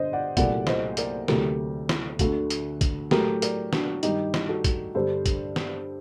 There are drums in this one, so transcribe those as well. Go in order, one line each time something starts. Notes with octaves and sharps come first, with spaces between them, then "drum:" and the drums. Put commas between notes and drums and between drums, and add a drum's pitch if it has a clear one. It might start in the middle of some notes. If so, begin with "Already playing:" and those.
Already playing: G2 D3 C5 D#5
D5 F#5
C2 A#2 F#3 A3 D5 F#5, drum: kick, hi-hat
C5 D#5, drum: snare
A#4 D5, drum: hi-hat
D2 C3 F#3 A3 G4 A#4, drum: snare
drum: snare
D2 D3 A3 F#4 A4, drum: kick, hi-hat
drum: hi-hat
drum: kick, hi-hat
A2 F#3 A3 G4 A#4, drum: snare
A#4 D5, drum: hi-hat
D4 F#4, drum: snare
G2 D#3 G3 D#4 G4, drum: hi-hat
drum: snare
F#4 A4
drum: kick, hi-hat
G2 D3 G3 A4 C5
drum: kick, hi-hat
drum: snare